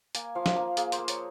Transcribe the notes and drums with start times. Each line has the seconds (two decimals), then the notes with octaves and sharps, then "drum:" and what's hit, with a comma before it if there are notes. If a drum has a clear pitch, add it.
0.15 A#3 G#5, drum: hi-hat
0.35 F3 F5
0.46 drum: snare
0.56 A#3 A#4
0.77 A#3 G#4, drum: hi-hat
0.92 C5, drum: hi-hat
0.98 A#3
1.08 C#5, drum: hi-hat